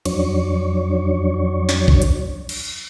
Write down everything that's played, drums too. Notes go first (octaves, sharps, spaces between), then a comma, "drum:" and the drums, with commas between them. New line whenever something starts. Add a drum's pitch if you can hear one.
F2 F#3 D4 C#5, drum: cymbal
drum: snare
drum: kick A#1
drum: hi-hat
drum: cymbal